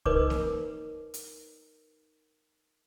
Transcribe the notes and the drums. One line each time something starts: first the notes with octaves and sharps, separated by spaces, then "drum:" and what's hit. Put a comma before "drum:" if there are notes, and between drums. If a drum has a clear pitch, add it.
D#4 A#4 B4 C#5 D#5 D6, drum: kick C2
drum: snare A#3
drum: hi-hat